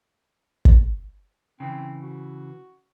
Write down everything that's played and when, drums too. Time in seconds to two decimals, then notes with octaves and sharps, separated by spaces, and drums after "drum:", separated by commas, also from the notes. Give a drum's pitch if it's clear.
0.65 drum: kick
1.60 C#3 E3 C4
2.02 F#4